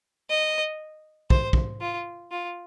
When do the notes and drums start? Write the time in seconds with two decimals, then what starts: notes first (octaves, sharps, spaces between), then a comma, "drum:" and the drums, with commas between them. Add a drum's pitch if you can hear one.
0.30 D#5
1.30 C5, drum: kick
1.53 drum: kick
1.81 F4
2.31 F4